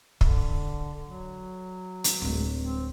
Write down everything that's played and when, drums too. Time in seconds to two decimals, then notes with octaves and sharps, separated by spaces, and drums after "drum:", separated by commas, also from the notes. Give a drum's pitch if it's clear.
0.21 D3, drum: kick
1.03 F#3
2.04 drum: hi-hat
2.22 D1 G#3
2.60 C4